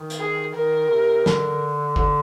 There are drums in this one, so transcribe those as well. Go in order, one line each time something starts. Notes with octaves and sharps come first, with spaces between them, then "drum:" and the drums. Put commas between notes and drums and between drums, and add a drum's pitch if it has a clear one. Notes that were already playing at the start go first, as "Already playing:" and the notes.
Already playing: D#3
drum: hi-hat
G#4
D#3 A#4
C3
D3, drum: snare
D3, drum: kick G1